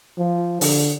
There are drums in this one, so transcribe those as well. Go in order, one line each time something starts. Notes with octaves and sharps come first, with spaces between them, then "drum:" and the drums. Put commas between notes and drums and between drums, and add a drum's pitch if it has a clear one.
F3
D3, drum: open hi-hat